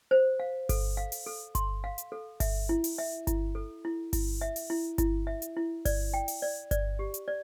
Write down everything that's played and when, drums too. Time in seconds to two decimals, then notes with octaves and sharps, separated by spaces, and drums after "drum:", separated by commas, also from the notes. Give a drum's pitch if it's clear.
0.11 C5
0.40 F5
0.69 A4, drum: kick G1, open hi-hat
0.97 F5
1.12 drum: open hi-hat
1.26 A4
1.55 C6, drum: kick G1, hi-hat
1.84 F5
1.98 drum: hi-hat
2.12 A4
2.40 E5, drum: kick G1, open hi-hat
2.69 E4
2.84 drum: open hi-hat
2.98 E5
3.27 E4, drum: kick G1, hi-hat
3.55 A4
3.85 E4
4.13 E4, drum: kick G1, open hi-hat
4.41 E5
4.56 drum: open hi-hat
4.70 E4
4.98 E4, drum: kick G1, hi-hat
5.27 E5
5.42 drum: hi-hat
5.57 E4
5.85 D5, drum: kick G1, open hi-hat
6.14 G5
6.28 drum: open hi-hat
6.42 D5
6.71 D5, drum: kick G1, hi-hat
6.99 G4
7.14 drum: hi-hat
7.28 D5